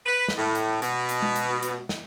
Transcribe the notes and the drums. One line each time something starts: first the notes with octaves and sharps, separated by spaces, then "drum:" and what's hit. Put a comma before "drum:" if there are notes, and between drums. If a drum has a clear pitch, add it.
B4
drum: snare
A2
drum: hi-hat
B2, drum: hi-hat
drum: hi-hat
drum: tom G#3
drum: hi-hat
drum: hi-hat
drum: snare